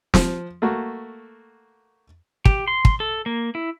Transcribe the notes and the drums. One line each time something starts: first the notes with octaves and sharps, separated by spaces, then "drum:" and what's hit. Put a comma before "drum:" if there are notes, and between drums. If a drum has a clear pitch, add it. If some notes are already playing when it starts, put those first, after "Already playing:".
F3, drum: snare
A3 A#3 F#4
G4, drum: kick
C6
drum: kick
A4
A#3
E4